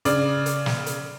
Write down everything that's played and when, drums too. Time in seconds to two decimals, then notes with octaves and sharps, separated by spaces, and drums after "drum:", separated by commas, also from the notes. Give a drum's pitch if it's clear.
0.05 C#3 D5, drum: hi-hat
0.46 drum: hi-hat
0.66 drum: snare
0.86 drum: hi-hat